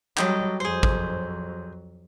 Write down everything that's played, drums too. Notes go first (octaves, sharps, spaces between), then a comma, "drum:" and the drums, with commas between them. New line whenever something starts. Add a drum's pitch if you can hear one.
F#3 G3 A4 D#5 G5, drum: clap
F2 F#3 G#4 C5
drum: kick G#1